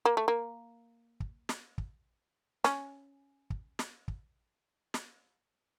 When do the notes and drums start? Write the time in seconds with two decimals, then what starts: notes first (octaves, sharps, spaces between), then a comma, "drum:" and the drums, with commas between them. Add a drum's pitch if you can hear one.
0.05 A#3
0.17 A3
0.28 A#3
1.20 drum: kick
1.49 drum: snare
1.78 drum: kick
2.64 C#4, drum: snare
3.50 drum: kick
3.79 drum: snare
4.08 drum: kick
4.94 drum: snare